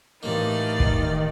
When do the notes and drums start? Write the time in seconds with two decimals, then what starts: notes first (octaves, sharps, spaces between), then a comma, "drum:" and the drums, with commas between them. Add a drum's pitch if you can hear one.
0.23 A1 A2 A#3 D#4 D5 F6
0.80 D#3, drum: kick